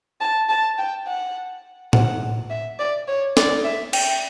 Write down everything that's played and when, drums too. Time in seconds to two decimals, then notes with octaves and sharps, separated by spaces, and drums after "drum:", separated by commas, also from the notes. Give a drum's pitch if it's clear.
0.21 A5
0.49 A5
0.78 G5
1.07 F#5
1.93 F#5, drum: tom A2
2.50 E5
2.79 D5
3.08 C#5
3.37 D5, drum: snare
3.65 E5
3.93 G5, drum: cymbal